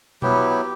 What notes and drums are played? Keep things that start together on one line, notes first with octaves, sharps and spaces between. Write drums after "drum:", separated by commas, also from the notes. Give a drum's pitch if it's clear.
F#3 B3 E4 G4, drum: tom B2
G4